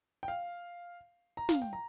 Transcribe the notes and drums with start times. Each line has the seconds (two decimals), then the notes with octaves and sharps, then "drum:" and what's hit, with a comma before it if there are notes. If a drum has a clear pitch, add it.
0.23 G5
0.28 F5
1.37 A#5
1.49 F5, drum: snare
1.62 G5
1.73 A#5